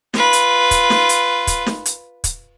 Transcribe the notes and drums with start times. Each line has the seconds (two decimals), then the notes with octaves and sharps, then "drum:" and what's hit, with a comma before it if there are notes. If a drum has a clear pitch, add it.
0.14 F4 B4, drum: snare
0.33 drum: hi-hat
0.71 drum: kick, hi-hat
0.90 drum: snare
1.09 drum: hi-hat
1.47 drum: kick, hi-hat
1.66 drum: snare
1.86 drum: hi-hat
2.24 drum: kick, hi-hat